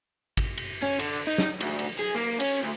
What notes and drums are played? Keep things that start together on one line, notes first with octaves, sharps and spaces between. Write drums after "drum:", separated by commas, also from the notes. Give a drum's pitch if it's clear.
drum: kick, cymbal
drum: cymbal
C#4
D3, drum: cymbal
D#4
drum: snare
D2, drum: cymbal
drum: cymbal
G#4
A#3
C#4, drum: cymbal
D2